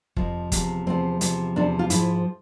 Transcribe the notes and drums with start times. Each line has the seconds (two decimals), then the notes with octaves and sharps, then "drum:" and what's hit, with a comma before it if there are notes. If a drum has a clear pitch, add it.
0.16 F2 C3 F3, drum: kick F#1
0.52 E2 C3 F3, drum: kick F#1, hi-hat
0.87 E2 C3 F3 C4
1.21 E2 C3 F3, drum: hi-hat
1.56 E2 C3 F3 D4
1.79 F4
1.90 G#2 F3 E4, drum: hi-hat